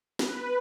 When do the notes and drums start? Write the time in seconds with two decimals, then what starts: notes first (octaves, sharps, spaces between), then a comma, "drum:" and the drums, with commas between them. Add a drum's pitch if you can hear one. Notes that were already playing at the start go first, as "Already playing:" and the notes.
0.19 B4, drum: snare